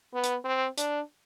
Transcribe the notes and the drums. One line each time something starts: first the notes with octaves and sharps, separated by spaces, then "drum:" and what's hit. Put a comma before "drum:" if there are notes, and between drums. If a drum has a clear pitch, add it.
B3
drum: hi-hat
C4
D4, drum: hi-hat